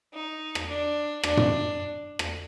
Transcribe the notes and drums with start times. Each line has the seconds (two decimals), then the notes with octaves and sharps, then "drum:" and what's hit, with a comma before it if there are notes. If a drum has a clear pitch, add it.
0.14 D#4
0.55 drum: rim click
0.68 D4
1.23 D4, drum: rim click
1.37 drum: tom
2.19 drum: rim click